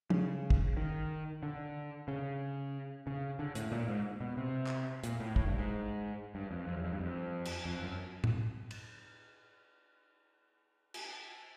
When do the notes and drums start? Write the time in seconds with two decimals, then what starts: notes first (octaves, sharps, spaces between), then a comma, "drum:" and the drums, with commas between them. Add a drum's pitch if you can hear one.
0.10 C#3, drum: tom
0.50 drum: kick
0.77 D#3
1.43 D3
2.08 C#3
3.07 C#3
3.39 D3
3.55 A2, drum: hi-hat
3.72 A#2
3.88 G#2
4.21 B2
4.37 C3
4.67 drum: clap
5.04 A#2, drum: hi-hat
5.20 A2
5.36 A2, drum: kick
5.47 G2
5.58 G#2
6.35 G2
6.51 F2
6.67 F2
6.76 E2
6.84 F2
6.92 G2
7.00 F2
7.45 drum: cymbal
7.65 F2
7.83 F#2
8.24 drum: tom A2
8.71 drum: cymbal
10.94 drum: cymbal